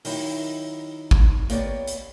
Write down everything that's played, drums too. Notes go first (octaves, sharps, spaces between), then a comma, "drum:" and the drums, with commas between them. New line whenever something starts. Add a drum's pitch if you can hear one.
D#3 F#3 D#4 E4, drum: open hi-hat
drum: kick G#1
A#3 B3 G4 C#5 D5, drum: hi-hat
drum: hi-hat